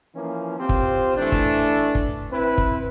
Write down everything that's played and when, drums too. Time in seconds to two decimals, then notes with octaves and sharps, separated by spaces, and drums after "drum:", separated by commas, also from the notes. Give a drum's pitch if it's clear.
0.13 E3 F3 A#3 C#4
0.58 C4 F4 G4 C5
0.69 drum: kick
1.16 E3 A3 D4
1.32 drum: kick
1.95 drum: kick
2.30 C4 E4 B4
2.58 drum: kick